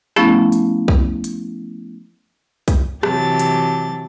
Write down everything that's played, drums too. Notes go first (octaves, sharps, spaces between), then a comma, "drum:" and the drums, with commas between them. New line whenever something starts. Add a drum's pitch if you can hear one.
F3 A3 B3 C#4 E4, drum: rim click
drum: hi-hat
drum: kick B1
drum: hi-hat
drum: kick B1, hi-hat
C3 E3 F#3 G4 A5 A6, drum: rim click
drum: hi-hat